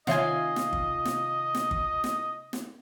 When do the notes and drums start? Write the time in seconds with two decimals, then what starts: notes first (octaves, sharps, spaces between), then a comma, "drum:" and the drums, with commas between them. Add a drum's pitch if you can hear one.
0.07 C3 D#3 F4 C#5 D#5 E5 F#5 G#5, drum: snare
0.56 drum: snare
0.73 drum: kick G1
1.05 drum: snare
1.55 drum: snare
1.71 drum: kick G1
2.04 drum: snare
2.53 drum: snare